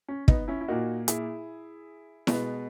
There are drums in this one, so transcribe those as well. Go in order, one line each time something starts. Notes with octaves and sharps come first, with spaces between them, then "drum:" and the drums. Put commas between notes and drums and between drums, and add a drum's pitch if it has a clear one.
C#4
B3 D#4, drum: kick
C#4 E4
E4
A#2 A#3 D#4 F#4
E4 G#4, drum: hi-hat
B2 G#3 B3, drum: snare E4